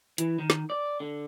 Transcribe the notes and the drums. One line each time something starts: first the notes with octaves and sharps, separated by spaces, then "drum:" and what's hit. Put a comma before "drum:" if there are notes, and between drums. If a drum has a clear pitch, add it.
E3, drum: hi-hat
D#3
drum: snare
D5
D3